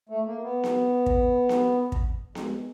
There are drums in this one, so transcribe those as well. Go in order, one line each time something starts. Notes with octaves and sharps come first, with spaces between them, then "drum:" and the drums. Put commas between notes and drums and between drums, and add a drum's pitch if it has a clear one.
A3
A#3
B3
drum: snare B3
drum: kick
drum: snare B3
drum: kick
G#3, drum: snare B3